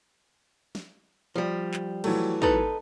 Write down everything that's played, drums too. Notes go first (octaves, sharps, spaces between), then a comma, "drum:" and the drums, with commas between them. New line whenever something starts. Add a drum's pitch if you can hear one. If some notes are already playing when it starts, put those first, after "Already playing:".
drum: snare
F3 G3
drum: clap
E3 F#3 A3, drum: cymbal
D#4 A4 B4, drum: kick